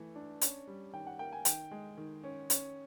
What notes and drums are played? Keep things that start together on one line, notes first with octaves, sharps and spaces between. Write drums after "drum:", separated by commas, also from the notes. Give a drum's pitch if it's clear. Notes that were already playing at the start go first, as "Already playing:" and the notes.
Already playing: E3 A3
D4
C#4, drum: hi-hat
G3
D#3 G5
F#5
A#3 G5
G#5
D#3 G5, drum: hi-hat
G#3
D#3
C#4
C#4, drum: hi-hat